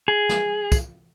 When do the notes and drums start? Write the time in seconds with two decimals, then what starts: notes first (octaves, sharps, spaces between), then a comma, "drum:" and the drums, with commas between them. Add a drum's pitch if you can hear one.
0.08 G#4
0.29 drum: snare
0.72 drum: kick, tambourine